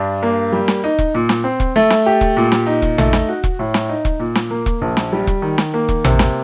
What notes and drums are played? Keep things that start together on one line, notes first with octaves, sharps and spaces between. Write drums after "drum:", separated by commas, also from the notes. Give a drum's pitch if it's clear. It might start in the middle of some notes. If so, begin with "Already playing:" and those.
Already playing: G2 D4
A#3
G3
drum: snare
D#4
drum: kick E1
A#2
drum: snare
C4
drum: kick E1
A3
drum: snare
G4
drum: kick E1
A#2
drum: snare
D#4
drum: kick E1
A3, drum: tom A1
drum: snare
F#4
drum: kick E1
A2
drum: snare
D#4
drum: kick E1
A#2
drum: snare
A#3
drum: kick E1
A#1
drum: snare
G3
drum: kick E1
D#3
drum: snare
A#3
drum: kick E1
C3, drum: tom A1
drum: snare